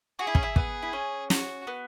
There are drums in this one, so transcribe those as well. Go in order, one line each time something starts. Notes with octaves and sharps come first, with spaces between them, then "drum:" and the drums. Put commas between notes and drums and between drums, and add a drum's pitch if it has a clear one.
F#4 G#4
E4
C#4, drum: kick
E4
B3 G#4, drum: kick
E4
C#4
F#4, drum: snare
B3